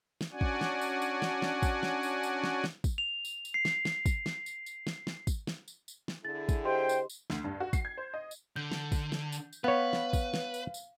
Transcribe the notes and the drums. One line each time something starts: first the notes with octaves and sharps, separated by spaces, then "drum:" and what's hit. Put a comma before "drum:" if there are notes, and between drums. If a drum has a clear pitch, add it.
drum: snare
C#4 D4 F#4 D5 F#5 G#5
drum: kick
drum: snare
drum: tambourine
drum: tambourine
drum: snare
drum: snare
drum: kick, tambourine
drum: snare
drum: tambourine
drum: tambourine
drum: snare
drum: snare
drum: kick, tambourine
F7
drum: tambourine
drum: tambourine
C7
drum: snare
drum: snare
drum: kick, tambourine
drum: snare
drum: tambourine
drum: tambourine
drum: snare
drum: snare
drum: kick, tambourine
drum: snare
drum: tambourine
drum: tambourine
drum: snare
D3 E4 G#4 A6
drum: kick, tambourine
G4 C5 D#5 G5 C6
drum: tambourine
drum: tambourine
D2, drum: snare
G2
F#4
C7, drum: kick, tambourine
G#6
C5
D#5
drum: tambourine
D3 G6
drum: snare
drum: kick, tambourine
drum: snare
drum: tambourine
drum: tambourine
B3 B4 C#5 F5
drum: snare
drum: kick, tambourine
drum: snare
drum: tambourine
drum: tambourine